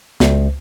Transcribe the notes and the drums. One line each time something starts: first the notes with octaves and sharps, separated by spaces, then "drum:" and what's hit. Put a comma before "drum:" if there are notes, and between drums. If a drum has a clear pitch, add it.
C#2, drum: snare